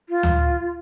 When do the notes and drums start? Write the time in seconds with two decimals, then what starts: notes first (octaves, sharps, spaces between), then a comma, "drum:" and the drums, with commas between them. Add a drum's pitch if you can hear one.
0.09 F4
0.23 drum: tom D2